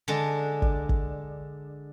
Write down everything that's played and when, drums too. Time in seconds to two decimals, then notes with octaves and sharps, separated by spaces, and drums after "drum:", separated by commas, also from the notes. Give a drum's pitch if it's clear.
0.08 D3 G#3 D4
0.62 drum: kick
0.89 drum: kick